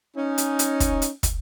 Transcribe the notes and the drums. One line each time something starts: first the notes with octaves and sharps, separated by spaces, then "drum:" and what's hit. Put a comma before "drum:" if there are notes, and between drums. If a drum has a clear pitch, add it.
C#4 D#4
drum: hi-hat
drum: hi-hat
drum: kick, hi-hat
drum: hi-hat
drum: kick, hi-hat